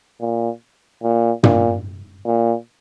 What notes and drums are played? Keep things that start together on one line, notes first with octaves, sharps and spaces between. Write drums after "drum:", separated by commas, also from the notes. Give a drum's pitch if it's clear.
A#2
A#2
A#2, drum: tom
A#2